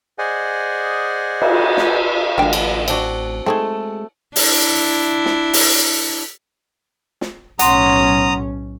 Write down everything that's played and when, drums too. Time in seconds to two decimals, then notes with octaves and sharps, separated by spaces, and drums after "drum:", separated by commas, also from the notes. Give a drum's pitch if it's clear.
0.18 G#4 C5 D5 D#5 F#5 G#5
1.42 drum: cymbal
1.77 drum: snare
2.38 A1 D3 A#3 F5 G5
2.53 drum: cymbal
2.88 C4 D4 F#4, drum: cymbal
3.46 G#3 A3 C4 D#4 G#4 A4
4.36 D4 E4, drum: open hi-hat
5.26 drum: snare
5.53 drum: open hi-hat
7.21 drum: snare
7.59 B1 A2 C#4 F#5 A#5 C6 D#6, drum: hi-hat